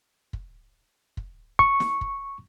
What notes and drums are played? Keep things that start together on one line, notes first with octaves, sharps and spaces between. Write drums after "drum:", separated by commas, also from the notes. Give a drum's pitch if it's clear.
drum: kick
drum: kick
C#6, drum: kick
drum: snare
drum: kick